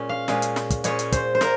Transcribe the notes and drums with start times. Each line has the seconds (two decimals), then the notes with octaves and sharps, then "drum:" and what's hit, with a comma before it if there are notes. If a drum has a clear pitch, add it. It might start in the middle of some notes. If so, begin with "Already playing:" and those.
Already playing: A#2 G#3 C#4
0.09 F5
0.28 A#2 G#3 C#4, drum: snare
0.42 drum: hi-hat
0.56 drum: snare
0.70 drum: kick, hi-hat
0.84 A#2 G#3 C#4 C#5, drum: hi-hat
0.99 drum: hi-hat
1.12 C5, drum: kick, hi-hat
1.35 C5
1.41 A#2 A#4, drum: snare